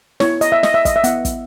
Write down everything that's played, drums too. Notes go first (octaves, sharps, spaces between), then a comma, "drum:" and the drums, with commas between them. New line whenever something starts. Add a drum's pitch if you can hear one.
B3 E4 C#5, drum: snare
D#5, drum: hi-hat
E5
D#5, drum: snare
E5
D#5, drum: kick, hi-hat
E5
B3 E4 F#5, drum: hi-hat
drum: kick, hi-hat